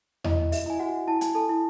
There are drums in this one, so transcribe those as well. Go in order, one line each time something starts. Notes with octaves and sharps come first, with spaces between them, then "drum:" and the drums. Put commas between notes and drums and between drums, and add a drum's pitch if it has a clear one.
E4 D#5, drum: tom E2
E5, drum: open hi-hat
E4 G#5
F#4 F#5
E4 A5
G#5, drum: hi-hat
A4 A5
E4